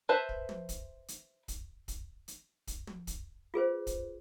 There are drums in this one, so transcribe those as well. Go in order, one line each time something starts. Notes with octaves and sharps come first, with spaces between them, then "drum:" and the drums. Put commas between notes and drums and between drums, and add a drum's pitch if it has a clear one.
B4 C5 E5 A5
drum: kick
drum: tom
drum: kick, hi-hat
drum: hi-hat
drum: kick, hi-hat
drum: kick, hi-hat
drum: hi-hat
drum: kick, hi-hat
drum: tom
drum: kick, hi-hat
F4 G#4 B4 C5
drum: kick, hi-hat